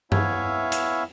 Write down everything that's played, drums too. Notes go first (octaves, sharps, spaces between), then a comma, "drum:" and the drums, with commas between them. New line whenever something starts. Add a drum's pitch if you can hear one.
B3 E4 C#5 E5 F5 G#5, drum: tom G2
drum: hi-hat